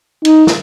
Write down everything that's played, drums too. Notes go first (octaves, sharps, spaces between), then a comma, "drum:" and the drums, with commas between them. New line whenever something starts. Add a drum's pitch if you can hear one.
D#4, drum: cymbal
drum: snare